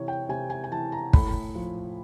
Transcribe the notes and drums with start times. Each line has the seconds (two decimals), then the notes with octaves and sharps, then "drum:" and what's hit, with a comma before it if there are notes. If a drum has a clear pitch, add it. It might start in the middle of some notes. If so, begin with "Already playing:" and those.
Already playing: C3 E3 C#5
0.08 G5
0.29 C3 G#5
0.50 G#5
0.64 G#5
0.71 E3 A5
0.92 A#5
1.13 A2 B5, drum: kick
1.55 F3